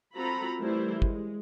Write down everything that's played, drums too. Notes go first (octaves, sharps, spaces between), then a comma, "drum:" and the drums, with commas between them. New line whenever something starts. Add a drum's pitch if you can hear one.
C4 F4 F#4 A4 A#5 B5
E3 G3 A3 E4 A#4 C5
G#3, drum: kick